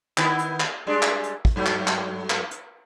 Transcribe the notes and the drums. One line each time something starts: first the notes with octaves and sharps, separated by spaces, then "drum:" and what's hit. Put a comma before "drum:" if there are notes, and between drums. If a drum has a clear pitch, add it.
D#3 B3 E4, drum: clap
drum: hi-hat
drum: clap
G3 G#3 D4
drum: clap
drum: hi-hat
drum: kick
G2 F#3 A3
drum: clap
drum: clap
drum: clap
drum: hi-hat